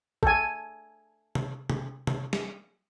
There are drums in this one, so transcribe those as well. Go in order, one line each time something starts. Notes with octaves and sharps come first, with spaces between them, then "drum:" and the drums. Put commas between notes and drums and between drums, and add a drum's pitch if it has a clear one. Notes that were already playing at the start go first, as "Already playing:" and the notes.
A4 G#5, drum: kick
drum: tom C3
drum: tom C3
drum: tom C3
drum: snare